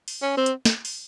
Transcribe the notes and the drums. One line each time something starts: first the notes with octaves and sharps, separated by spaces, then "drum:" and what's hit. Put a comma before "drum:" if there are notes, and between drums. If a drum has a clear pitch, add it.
drum: open hi-hat
C#4
C4
drum: hi-hat
drum: snare
drum: open hi-hat